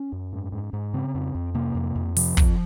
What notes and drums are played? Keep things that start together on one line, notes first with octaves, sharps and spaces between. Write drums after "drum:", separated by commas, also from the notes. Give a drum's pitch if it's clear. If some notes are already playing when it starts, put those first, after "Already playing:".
Already playing: C#4
F#2
G#2
G#2
G#2
C#3 C4
F2
F2
C3 A#3
F2
F2
C3 F3, drum: open hi-hat
F2, drum: kick